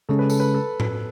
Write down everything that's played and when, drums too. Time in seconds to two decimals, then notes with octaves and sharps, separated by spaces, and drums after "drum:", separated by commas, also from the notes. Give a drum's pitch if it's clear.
0.09 C#3 G#3 C#4 A4
0.19 B4
0.30 A4, drum: tambourine
0.40 B4
0.54 A4
0.80 drum: tom A2